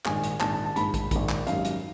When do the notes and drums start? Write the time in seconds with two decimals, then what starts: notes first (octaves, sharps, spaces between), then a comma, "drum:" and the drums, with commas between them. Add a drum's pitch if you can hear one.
0.05 A#1 G#2 D#3 G#5, drum: clap
0.23 drum: hi-hat
0.40 A#1 G#2 D#3 A5, drum: clap
0.53 A5
0.64 A5
0.76 A#1 G#2 D#3 B5, drum: hi-hat
0.94 drum: kick, hi-hat
1.11 A#1 G#2 D#3, drum: kick, hi-hat
1.29 drum: clap
1.47 G#1 F#2 D#3 G3 F5, drum: hi-hat
1.64 drum: hi-hat